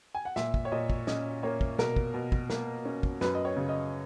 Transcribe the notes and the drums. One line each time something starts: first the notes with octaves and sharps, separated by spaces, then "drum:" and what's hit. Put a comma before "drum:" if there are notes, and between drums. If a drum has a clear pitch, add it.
G#5
F#5
A#2 E5, drum: snare
drum: kick
C#5
A#2 D#5
drum: kick
C#4 D#5, drum: snare
A#3 C#5
drum: kick
B2 A#4, drum: snare
drum: kick
B2
drum: kick
A#3, drum: snare
C#4
drum: kick
F#2 B4, drum: snare
D#5
C#5
C#3
D#5